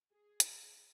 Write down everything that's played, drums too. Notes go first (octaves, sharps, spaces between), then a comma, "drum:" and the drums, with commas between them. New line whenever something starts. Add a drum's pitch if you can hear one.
G#4
drum: hi-hat